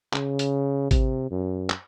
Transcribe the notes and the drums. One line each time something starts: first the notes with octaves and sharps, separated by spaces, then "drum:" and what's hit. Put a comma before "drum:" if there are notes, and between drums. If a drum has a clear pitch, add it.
C#3, drum: clap
drum: hi-hat
C3, drum: kick G#1, hi-hat
F#2
drum: clap